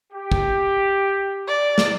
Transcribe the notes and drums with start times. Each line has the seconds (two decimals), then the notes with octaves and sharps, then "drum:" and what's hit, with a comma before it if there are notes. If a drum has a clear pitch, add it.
0.13 G4
0.32 drum: kick
1.48 D5
1.78 drum: snare